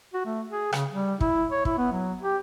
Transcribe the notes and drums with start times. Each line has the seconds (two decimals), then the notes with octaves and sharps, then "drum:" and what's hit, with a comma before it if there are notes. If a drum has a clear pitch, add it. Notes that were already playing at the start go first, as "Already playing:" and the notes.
0.14 F#4
0.26 A3
0.49 G#4
0.73 C#3, drum: rim click
0.91 G3
1.20 E4, drum: kick
1.52 C#5
1.65 E4, drum: kick
1.78 B3
1.92 F#3
2.23 G4